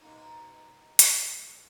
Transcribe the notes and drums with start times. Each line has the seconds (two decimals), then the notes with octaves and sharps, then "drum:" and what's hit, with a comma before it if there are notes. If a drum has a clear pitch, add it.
0.01 B2 A#3 D#4
0.99 drum: hi-hat